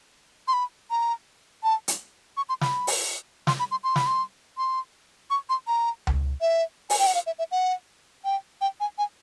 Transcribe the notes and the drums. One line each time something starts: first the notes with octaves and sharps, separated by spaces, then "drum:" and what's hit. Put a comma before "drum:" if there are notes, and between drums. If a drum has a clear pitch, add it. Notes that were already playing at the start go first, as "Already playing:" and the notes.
C6
B5
A#5
A5
drum: hi-hat
C#6
C6
B5, drum: snare
drum: open hi-hat
C6, drum: snare
B5
C6
C6
B5, drum: snare
C6
C6
C#6
C6
A#5
drum: tom C#2
E5
G#5, drum: open hi-hat
G5
F#5
F5
E5
E5
F#5
G5
G5
G#5
G#5